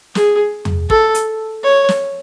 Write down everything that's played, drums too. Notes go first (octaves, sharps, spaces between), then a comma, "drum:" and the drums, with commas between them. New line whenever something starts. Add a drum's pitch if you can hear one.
G#4, drum: snare
drum: tom E2
A4, drum: kick
drum: hi-hat
C#5
drum: snare